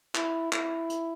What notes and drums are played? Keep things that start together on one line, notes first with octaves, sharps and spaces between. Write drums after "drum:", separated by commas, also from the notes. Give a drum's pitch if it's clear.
E4, drum: clap
E4, drum: clap
drum: hi-hat